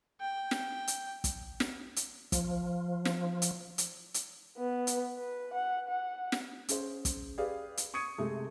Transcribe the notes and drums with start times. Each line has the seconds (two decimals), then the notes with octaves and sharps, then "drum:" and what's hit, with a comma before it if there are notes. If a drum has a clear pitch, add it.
0.21 G5
0.51 drum: snare
0.88 drum: hi-hat
1.24 drum: kick, hi-hat
1.60 drum: snare
1.96 drum: hi-hat
2.32 F3, drum: kick, hi-hat
3.05 drum: snare
3.42 drum: hi-hat
3.78 drum: hi-hat
4.14 drum: hi-hat
4.58 B3
4.87 drum: hi-hat
5.18 B4
5.53 F#5
5.88 F#5
6.32 drum: snare
6.69 C#4 G#4 C5, drum: hi-hat
7.05 drum: kick, hi-hat
7.38 G4 G#4 B4 D5 F5
7.77 drum: hi-hat
7.94 C#6 D#6 G#6 C#7 D#7
8.18 C3 G#3 A3